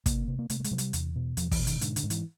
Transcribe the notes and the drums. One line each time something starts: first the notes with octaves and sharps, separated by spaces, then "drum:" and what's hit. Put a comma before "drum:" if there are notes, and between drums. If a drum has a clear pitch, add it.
C3 A#3, drum: kick, hi-hat
C3
A#3
C3 A3, drum: hi-hat
A3
G#3, drum: hi-hat
C3 F#3
G3, drum: hi-hat
E2, drum: hi-hat
B2
E2 F3, drum: hi-hat
E3, drum: kick, open hi-hat
B2
D#3, drum: hi-hat
G#2 D3, drum: hi-hat
D3, drum: hi-hat
G#2
E3, drum: hi-hat